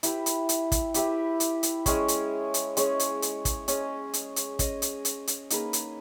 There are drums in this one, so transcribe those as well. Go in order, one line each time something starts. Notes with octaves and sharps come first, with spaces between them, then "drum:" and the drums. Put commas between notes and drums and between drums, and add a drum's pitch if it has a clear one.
E4 G4 B4 E5, drum: hi-hat
drum: hi-hat
drum: hi-hat
drum: kick, hi-hat
E4 G4 B4 E5, drum: hi-hat
drum: hi-hat
drum: hi-hat
G#3 C#4 G#4 C#5, drum: kick, hi-hat
drum: hi-hat
drum: hi-hat
G#3 C#4 G#4 C#5, drum: hi-hat
drum: hi-hat
drum: hi-hat
drum: kick, hi-hat
C#4 G#4 D#5, drum: hi-hat
drum: hi-hat
drum: hi-hat
C#4 G#4 D#5, drum: kick, hi-hat
drum: hi-hat
drum: hi-hat
drum: hi-hat
A#3 D#4 G#4 B4, drum: hi-hat
drum: hi-hat